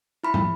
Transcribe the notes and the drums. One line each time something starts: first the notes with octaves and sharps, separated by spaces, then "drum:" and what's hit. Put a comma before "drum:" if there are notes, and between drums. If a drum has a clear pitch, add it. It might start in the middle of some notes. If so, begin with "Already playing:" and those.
E4 B5
drum: tom